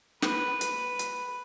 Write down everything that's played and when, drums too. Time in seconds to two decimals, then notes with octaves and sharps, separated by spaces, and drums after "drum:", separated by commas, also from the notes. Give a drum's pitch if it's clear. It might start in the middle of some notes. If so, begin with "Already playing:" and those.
0.22 B4, drum: snare
0.61 B4, drum: hi-hat
0.99 drum: hi-hat